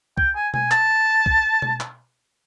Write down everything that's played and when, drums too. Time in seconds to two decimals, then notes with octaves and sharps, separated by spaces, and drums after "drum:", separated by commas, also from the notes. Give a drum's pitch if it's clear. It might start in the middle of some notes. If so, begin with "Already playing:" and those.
0.17 G5, drum: kick
0.35 G#5
0.54 G#5, drum: tom B2
0.71 A5, drum: clap
1.26 drum: kick
1.62 drum: tom B2
1.80 drum: clap